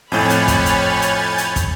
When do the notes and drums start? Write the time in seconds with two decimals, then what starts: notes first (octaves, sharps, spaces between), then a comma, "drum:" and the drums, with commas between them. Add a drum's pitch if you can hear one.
0.12 F2 A2 C#5 G#5 B5 F6 G6 A6
0.30 drum: hi-hat
0.48 drum: kick, hi-hat
0.66 drum: hi-hat
1.02 drum: hi-hat
1.38 drum: hi-hat
1.56 drum: kick, hi-hat